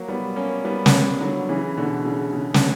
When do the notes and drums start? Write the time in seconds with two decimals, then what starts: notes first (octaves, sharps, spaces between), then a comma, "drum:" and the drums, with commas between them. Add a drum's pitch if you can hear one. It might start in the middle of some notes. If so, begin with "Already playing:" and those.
Already playing: F#3 A#3
0.08 G3 B3
0.36 A#3 C#4
0.65 G3 B3
0.86 drum: snare
1.20 D3 F#3
1.49 C#3 E3
1.77 B2 D3
2.05 C#3
2.33 C#3
2.54 drum: snare